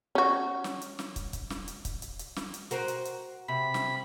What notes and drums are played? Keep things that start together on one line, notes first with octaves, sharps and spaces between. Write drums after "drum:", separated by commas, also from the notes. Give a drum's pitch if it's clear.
C#4 F#4
drum: snare
drum: hi-hat
drum: snare
drum: kick, hi-hat
drum: kick, hi-hat
drum: snare
drum: hi-hat
drum: kick, hi-hat
drum: hi-hat
drum: hi-hat
drum: snare
drum: hi-hat
F#4 A#4 C5, drum: hi-hat
drum: hi-hat
drum: hi-hat
C3 B5
drum: snare